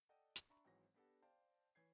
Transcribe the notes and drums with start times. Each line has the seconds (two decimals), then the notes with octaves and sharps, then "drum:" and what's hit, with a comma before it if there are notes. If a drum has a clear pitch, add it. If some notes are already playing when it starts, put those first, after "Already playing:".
0.09 A4 D5 D#5 F#5 G5
0.36 drum: hi-hat
0.49 D4 E5 A#5 B5 C#6
0.65 G#1 G#2 E3 F#3 C#5 A#6
0.94 B3 D4 G4 A4 F#5
1.22 C5 D5 F5 G5 A5
1.75 E3 C#5 G#6 C7